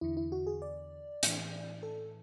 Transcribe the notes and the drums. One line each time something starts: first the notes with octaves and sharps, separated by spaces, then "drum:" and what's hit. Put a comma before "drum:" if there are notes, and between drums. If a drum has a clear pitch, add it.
E2 D3 E4
E4
F#4
G#4
D5
A2 E3, drum: hi-hat
A4